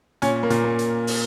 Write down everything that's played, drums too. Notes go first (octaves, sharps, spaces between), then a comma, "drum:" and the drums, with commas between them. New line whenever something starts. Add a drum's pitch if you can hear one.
A#2 C#4, drum: hi-hat
A#3
A#2, drum: hi-hat
A#3
drum: hi-hat
drum: open hi-hat